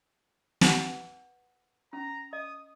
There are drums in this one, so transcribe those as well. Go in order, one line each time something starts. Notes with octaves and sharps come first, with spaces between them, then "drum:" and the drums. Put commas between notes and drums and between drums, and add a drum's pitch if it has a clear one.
B4 F#5 G#5, drum: snare
C#4 A#5
D#5 D#6